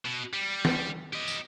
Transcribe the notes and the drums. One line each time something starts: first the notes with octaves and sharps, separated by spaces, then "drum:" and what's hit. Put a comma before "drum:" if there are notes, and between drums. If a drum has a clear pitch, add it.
B2
G3
drum: snare
G4 D#5
drum: tambourine